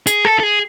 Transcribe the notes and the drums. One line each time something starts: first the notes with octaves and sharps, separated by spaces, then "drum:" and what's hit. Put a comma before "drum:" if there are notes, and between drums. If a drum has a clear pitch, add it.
G#4, drum: tambourine
A4, drum: rim click
A4
G#4